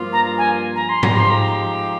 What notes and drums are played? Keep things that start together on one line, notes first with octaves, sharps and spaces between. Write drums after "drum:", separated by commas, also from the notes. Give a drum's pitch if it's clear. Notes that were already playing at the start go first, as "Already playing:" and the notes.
Already playing: G2 F3 A#3 F4
A#5
G#5
A#5
C6
A#5, drum: tom G#2
F3 G#3 D#4 G4 C6
A#5